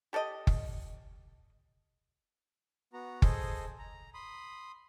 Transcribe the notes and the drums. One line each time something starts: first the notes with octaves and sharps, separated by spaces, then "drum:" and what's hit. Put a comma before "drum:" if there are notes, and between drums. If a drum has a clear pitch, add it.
G4 A4 D5 D#5
drum: kick F#1
B3 F#4 A#5
G#4 A4 C5 D#5, drum: kick F#1
A#5
B5 C6 D#6